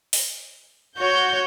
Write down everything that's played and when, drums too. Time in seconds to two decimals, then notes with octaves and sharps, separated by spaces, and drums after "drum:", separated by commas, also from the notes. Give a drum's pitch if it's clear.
0.13 drum: open hi-hat
0.99 F#4 C#5 G6